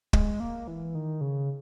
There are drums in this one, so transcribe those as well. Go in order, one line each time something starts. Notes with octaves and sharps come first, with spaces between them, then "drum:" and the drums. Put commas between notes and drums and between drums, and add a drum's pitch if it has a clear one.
G#3, drum: kick
A#3
E3
D#3
C#3